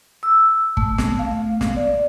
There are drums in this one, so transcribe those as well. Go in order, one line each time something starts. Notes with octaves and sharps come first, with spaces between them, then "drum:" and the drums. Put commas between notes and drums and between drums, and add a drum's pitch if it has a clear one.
E6
A3, drum: kick G1
drum: snare
F5
drum: snare
D5